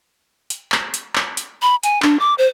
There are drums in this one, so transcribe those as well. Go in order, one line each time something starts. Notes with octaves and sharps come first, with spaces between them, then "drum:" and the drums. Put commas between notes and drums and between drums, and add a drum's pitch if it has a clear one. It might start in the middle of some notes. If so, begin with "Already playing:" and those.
drum: hi-hat
drum: clap
drum: hi-hat
drum: clap
drum: hi-hat
B5
G#5, drum: hi-hat
D4, drum: clap
D6
C5